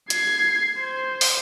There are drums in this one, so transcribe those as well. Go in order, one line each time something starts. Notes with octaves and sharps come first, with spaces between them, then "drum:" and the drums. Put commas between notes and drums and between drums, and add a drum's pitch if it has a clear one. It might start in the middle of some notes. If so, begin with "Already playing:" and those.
G#6 C7, drum: hi-hat
C5
drum: open hi-hat